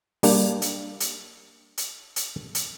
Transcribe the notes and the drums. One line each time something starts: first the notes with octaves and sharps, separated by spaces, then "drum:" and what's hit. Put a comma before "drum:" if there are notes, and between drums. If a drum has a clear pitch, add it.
G3 A#3 D4, drum: open hi-hat
drum: hi-hat
drum: hi-hat
drum: hi-hat
drum: hi-hat
drum: hi-hat